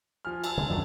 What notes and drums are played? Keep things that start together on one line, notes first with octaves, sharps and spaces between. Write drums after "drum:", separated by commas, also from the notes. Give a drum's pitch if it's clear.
F3 G#5 F6
G#5 A5 E6, drum: cymbal
D3 F3 G#3
F1 C2 F#2 D#3 F3 A5